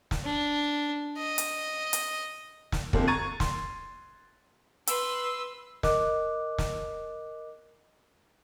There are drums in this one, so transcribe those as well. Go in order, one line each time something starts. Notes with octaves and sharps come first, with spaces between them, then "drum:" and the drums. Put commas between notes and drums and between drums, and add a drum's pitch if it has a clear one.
drum: snare
D4
D#5
drum: hi-hat
drum: hi-hat
drum: snare
A#2 D3 F3 G#3 A#3 C4, drum: kick
A#5 C#6 G#6 A6 D#7
C6, drum: snare
B4 C6 E6, drum: hi-hat
A#4 D#5 D6 F#6, drum: snare
drum: snare